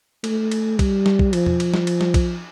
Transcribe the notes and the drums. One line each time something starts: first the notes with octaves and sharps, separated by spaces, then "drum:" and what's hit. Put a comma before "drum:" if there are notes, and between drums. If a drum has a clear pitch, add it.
A3, drum: cymbal
drum: cymbal
G3, drum: kick, cymbal
drum: snare
drum: kick
F3, drum: cymbal
drum: tom E2
drum: cymbal
drum: snare
drum: cymbal
drum: snare
drum: kick, cymbal